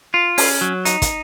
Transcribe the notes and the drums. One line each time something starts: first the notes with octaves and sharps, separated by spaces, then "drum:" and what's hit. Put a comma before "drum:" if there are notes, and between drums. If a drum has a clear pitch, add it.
F4
C#4, drum: open hi-hat
F#3
D#4, drum: hi-hat
drum: kick, hi-hat